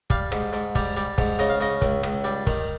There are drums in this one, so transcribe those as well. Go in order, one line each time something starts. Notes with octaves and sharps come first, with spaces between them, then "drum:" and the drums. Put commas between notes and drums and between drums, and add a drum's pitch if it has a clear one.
G3 F5, drum: kick
G#2, drum: rim click
G#2, drum: hi-hat
G3, drum: kick, open hi-hat
G3, drum: hi-hat
G#2, drum: kick, open hi-hat
C#3 D#5, drum: hi-hat
F5
C#3 D#5, drum: hi-hat
C#2, drum: kick, hi-hat
C#2, drum: rim click
G3, drum: hi-hat
D#3, drum: kick, open hi-hat